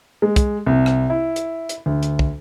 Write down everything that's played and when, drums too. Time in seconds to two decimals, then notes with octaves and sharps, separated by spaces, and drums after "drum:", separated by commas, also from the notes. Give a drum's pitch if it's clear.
0.22 G#3
0.36 drum: kick, hi-hat
0.66 C2
0.86 drum: rim click
1.10 E4
1.36 drum: hi-hat
1.69 drum: hi-hat
1.86 D2
2.03 drum: hi-hat
2.19 drum: kick